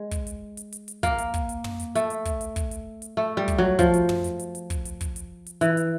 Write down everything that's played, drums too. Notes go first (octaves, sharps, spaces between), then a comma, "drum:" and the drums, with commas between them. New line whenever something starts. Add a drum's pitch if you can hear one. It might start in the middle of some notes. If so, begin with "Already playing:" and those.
Already playing: G#3
drum: kick, hi-hat
drum: hi-hat
drum: hi-hat
drum: hi-hat
drum: hi-hat
A#3, drum: kick, hi-hat
drum: hi-hat
drum: kick, hi-hat
drum: hi-hat
drum: tom
drum: hi-hat
A3, drum: hi-hat
drum: hi-hat
drum: kick, hi-hat
drum: hi-hat
drum: kick, hi-hat
drum: hi-hat
drum: hi-hat
A3
G3
drum: kick, hi-hat
F#3
F3, drum: kick, hi-hat
drum: hi-hat
drum: tom
drum: hi-hat
drum: hi-hat
drum: hi-hat
drum: kick, hi-hat
drum: hi-hat
drum: kick, hi-hat
drum: hi-hat
drum: hi-hat
E3, drum: hi-hat
drum: hi-hat